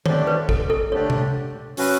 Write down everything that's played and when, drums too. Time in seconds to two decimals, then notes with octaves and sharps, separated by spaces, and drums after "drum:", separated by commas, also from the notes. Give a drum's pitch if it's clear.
0.06 D3 A3 D4 G4 C#5 D5, drum: tom D#3
0.27 B4
0.49 A4, drum: kick
0.70 A4
0.92 D3 A3 D4 G4 C#5 D5
1.10 drum: tom C3
1.77 F#3 C#4 F#4 B4, drum: open hi-hat